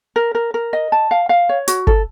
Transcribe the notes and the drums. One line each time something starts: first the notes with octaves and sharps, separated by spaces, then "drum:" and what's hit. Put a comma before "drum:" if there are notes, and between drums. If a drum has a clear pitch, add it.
A#4
A#4
A#4
D#5
A5
F5
F5
C#5
F#4, drum: hi-hat
A4, drum: kick G1